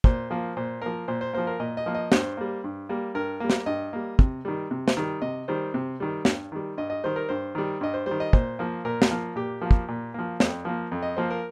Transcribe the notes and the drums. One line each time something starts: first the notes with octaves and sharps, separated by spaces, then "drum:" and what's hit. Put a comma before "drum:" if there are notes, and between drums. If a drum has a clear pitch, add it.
A#2 C5, drum: kick
F3 A#3
A#2 C5
F3 A#3 A#4
A#2 C5
C5
F3 A#3 C5
A#4
A#2 D#5
D#5
F3 A#3
D#5
G2 C5, drum: snare
G3 A#3
G2
G3 A#3
G2 A#4
G3 A#3
drum: snare
G2 D#5
G3 A#3
C3, drum: kick
D#3 G3
C3
drum: snare
D#3 G3
C3 D#5
D#3 G3 C5
C3
D#3 G3
G2, drum: snare
D#3 G3
G2 D#5
D#5
D#3 G3 C5
A#4
G2 C5
D#3 G3
G2 D#5
C5
G3 C5
D#3
D#5
A#2 C5, drum: kick
F3 A#3
A#2 A#4
drum: snare
F3 A#3
A#2 G4
F3 A#3
drum: kick
A#2
F3 A#3
F2, drum: snare
F3 A#3
F2
D#5
F3 A#3 C5
A#4